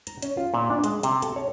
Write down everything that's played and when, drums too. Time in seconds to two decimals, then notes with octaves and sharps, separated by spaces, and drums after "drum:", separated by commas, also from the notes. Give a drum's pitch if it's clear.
0.07 A#5, drum: hi-hat
0.22 C#4, drum: hi-hat
0.37 F4
0.54 A#2
0.70 D4
0.84 G#3, drum: hi-hat
1.03 C3, drum: hi-hat
1.22 A4, drum: hi-hat
1.36 C#5